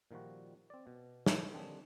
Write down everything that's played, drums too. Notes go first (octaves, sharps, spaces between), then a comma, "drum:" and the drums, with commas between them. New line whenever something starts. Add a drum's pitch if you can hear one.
A#2 D#3 F3 G3 F#4
C4 D5
B2
drum: snare
D3 D#3 G3 C4 D4 G#4